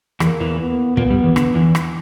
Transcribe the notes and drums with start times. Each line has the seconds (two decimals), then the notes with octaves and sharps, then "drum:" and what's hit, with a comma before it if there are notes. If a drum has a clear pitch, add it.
0.20 E2 E3 A#3, drum: rim click
0.40 E2 E3
0.59 B3
0.97 A#2 A#3 B3, drum: kick
1.10 G2 G3
1.23 E2 E3
1.36 D3, drum: rim click
1.55 E2 E3
1.75 drum: rim click